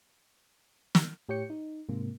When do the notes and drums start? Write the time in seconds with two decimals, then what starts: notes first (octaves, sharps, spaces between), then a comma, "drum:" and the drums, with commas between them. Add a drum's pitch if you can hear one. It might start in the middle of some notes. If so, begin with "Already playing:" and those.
0.95 drum: snare
1.29 A2 G4 C#5 G5 C#7
1.50 D#4
1.89 G#2 C3 A#3